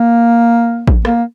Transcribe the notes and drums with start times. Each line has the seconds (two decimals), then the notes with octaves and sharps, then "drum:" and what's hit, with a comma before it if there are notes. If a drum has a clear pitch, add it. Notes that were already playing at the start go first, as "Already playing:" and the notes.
Already playing: A#3
0.88 drum: kick A1
1.05 A#3, drum: rim click